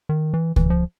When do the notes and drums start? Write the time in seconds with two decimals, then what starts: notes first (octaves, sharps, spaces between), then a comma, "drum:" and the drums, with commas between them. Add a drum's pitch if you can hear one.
0.09 D#3
0.34 E3
0.56 E3, drum: kick C#2
0.70 F3